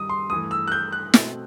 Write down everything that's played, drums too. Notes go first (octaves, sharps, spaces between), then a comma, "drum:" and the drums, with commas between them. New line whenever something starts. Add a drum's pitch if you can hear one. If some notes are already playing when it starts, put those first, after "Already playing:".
Already playing: G2 D#3 G3 D#6
C6
G2 E3 A3 D#6
E6
F#6
G6
F#6
B2 A3 C4, drum: snare